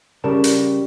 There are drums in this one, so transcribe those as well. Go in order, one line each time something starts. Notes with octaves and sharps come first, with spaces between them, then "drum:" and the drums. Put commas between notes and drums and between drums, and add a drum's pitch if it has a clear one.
C#3 G3 A#4 A5
drum: hi-hat